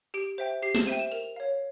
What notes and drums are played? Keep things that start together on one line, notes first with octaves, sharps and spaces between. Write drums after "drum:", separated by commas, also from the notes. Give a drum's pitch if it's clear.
G4 D7
C5 E5 G5
G4 C7
E7, drum: snare
C5 E5 G5 D#7
E7
A#4 F7
C#5 F5